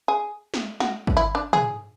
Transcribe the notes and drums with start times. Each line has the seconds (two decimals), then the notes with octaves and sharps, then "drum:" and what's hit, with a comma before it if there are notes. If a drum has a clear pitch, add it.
0.08 G#4
0.54 drum: snare
0.80 F#4, drum: snare
1.07 drum: kick
1.17 E4
1.35 D4
1.53 G#4, drum: tom